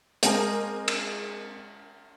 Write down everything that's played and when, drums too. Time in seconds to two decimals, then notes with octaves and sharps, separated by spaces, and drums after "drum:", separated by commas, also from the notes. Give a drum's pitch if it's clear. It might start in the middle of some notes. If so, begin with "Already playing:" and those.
0.23 G#3 A#3 C4 A#4 D#5 G#5, drum: hi-hat
0.88 drum: cymbal